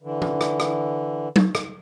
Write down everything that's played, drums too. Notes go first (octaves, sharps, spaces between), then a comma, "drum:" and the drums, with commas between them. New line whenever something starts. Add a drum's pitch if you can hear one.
D3 E3
drum: tom E3
drum: rim click
drum: rim click
drum: tom F#3
drum: rim click